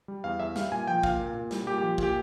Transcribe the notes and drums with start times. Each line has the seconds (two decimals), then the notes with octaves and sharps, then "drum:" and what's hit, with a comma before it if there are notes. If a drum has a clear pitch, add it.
0.08 G3
0.24 E2 F5
0.39 E2 E5
0.56 G3 F5, drum: snare
0.72 A#2 G#5
0.88 F3 G5
1.03 A#2 F5, drum: kick
1.20 A#2
1.35 A#2
1.51 G3, drum: snare
1.66 A#2 G4
1.78 F3 G4
1.98 A#2 G4, drum: kick